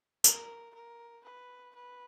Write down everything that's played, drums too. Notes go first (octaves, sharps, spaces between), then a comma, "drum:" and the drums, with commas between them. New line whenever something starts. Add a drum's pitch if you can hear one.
A#4, drum: tambourine
A#4
B4
B4